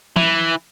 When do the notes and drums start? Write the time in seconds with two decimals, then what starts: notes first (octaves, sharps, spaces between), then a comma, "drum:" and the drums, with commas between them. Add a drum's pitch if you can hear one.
0.16 E3, drum: tom